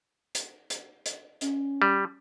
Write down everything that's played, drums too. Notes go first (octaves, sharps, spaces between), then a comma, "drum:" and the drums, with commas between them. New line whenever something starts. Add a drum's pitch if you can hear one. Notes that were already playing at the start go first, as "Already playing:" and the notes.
drum: hi-hat
drum: hi-hat
drum: hi-hat
C#4, drum: hi-hat
G3